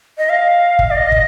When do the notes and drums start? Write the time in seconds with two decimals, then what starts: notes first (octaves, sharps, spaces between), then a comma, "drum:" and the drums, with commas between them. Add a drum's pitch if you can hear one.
0.18 D#5
0.29 F5
0.79 drum: kick
0.90 D5
0.96 D#5
1.12 drum: kick